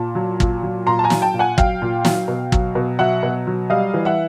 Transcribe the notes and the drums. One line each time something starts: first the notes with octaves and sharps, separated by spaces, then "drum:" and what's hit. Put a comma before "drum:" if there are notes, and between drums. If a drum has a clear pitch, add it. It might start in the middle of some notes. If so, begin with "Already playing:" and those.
Already playing: A#2 A5
F#3
A#2, drum: kick
F#3
A#2 A#5 C6
A5
G#5 A#5
F#3, drum: snare
G5 A5
A#2
F#5 G#5
F#3 F5 G5, drum: kick
A#2
F#3, drum: snare
B2
F#3, drum: kick
B2
F#3 E5 F#5
B2
F#3
G3 D#5 F5
E3
E5 F#5